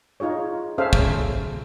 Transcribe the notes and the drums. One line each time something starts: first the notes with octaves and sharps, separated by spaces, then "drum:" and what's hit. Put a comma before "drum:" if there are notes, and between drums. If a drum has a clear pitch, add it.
D#4 F4 G#4 C#5
C#4 G#4 A4 C5 E5 F5
drum: kick